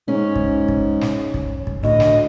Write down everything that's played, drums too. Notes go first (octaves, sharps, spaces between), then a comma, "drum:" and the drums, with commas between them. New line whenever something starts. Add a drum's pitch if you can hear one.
G#2 C#4
drum: kick
drum: kick
drum: snare
drum: kick
drum: kick
D2 A2 D#5
drum: snare